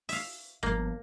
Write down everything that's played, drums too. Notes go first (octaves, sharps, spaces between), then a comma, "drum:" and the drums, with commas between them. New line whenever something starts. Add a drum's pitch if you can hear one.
E5 F5, drum: open hi-hat
G1 F3 A#3